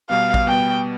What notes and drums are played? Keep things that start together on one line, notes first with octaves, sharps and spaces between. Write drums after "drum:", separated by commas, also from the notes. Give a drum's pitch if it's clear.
B2 G3 B3 F5
drum: kick A1
B2 G3 B3 G5